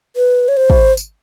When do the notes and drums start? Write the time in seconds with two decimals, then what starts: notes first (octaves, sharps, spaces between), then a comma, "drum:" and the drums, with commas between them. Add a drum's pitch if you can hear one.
0.16 B4
0.48 C#5
0.57 C5
0.70 drum: kick
0.97 drum: tambourine